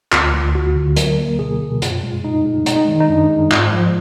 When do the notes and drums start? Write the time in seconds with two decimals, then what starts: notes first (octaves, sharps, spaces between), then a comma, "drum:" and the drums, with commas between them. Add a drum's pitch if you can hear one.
0.12 D2 F4, drum: clap
0.34 D2
0.54 D2 F#4
0.76 D3
0.96 F#3 A#4, drum: hi-hat
1.19 A#3
1.39 B2 G#4
1.61 B2
1.82 F#2 F4, drum: hi-hat
2.03 G#3
2.24 G#3 D#4
2.46 G#3
2.66 G#3 D#4, drum: hi-hat
2.88 D#3
3.00 D#4
3.09 F#2 D4
3.30 G#3
3.51 G#2 F4, drum: clap
3.73 F3